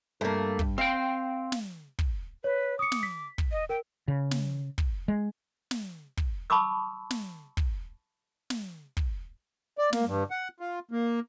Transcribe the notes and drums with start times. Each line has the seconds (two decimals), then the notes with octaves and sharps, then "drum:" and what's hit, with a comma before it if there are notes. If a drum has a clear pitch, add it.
0.21 G2 A3 A#3
0.59 drum: kick
0.78 C4 F5 G5
1.52 drum: snare
1.99 drum: kick
2.44 B4 C#5
2.79 D6 D#6 C#7
2.92 drum: snare
3.03 B6
3.38 drum: kick
3.52 D#5
3.69 A#4 G5
4.08 C#3
4.31 drum: snare
4.78 drum: kick
5.08 G#3
5.71 drum: snare
6.17 drum: kick
6.50 A5 B5 C#6 D6 E6
7.10 drum: snare
7.57 drum: kick
8.50 drum: snare
8.97 drum: kick
9.78 D5
9.93 A#3, drum: snare
10.07 G2
10.31 F#5
10.60 F4
10.91 A#3